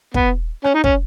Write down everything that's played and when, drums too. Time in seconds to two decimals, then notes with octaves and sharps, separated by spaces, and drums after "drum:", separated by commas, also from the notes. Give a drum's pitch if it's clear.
0.14 B3, drum: kick
0.64 C#4, drum: rim click
0.74 D#4
0.84 C#4, drum: kick